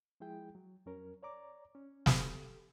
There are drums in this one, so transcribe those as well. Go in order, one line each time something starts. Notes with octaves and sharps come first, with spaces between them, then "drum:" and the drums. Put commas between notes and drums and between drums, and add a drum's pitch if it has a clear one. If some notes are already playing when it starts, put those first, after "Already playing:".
F3 G#3 E4 G#4 G5
F#3
F2 F#3 C#4 A#4
C#5 D5 A#5 D6
C#4
G4 A4, drum: snare